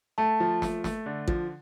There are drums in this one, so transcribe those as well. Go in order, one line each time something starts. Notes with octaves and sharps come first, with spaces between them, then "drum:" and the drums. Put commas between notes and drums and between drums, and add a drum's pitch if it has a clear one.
A3 A5
F3
A3, drum: snare
A3, drum: snare
D3
F3, drum: kick A1